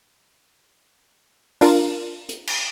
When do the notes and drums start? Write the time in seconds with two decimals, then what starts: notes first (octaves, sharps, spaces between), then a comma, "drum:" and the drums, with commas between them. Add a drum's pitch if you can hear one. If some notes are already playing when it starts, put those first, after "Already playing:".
1.61 D4 F4 A#4, drum: open hi-hat
2.29 drum: hi-hat
2.47 drum: cymbal